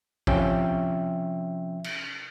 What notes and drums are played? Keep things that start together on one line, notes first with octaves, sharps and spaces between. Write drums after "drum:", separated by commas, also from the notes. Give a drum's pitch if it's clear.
C3 F3 C#4 E5 G5 G6, drum: kick
drum: cymbal